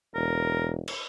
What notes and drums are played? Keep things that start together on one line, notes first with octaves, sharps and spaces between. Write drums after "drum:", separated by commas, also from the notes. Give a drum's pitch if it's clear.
E1 A#4
drum: cymbal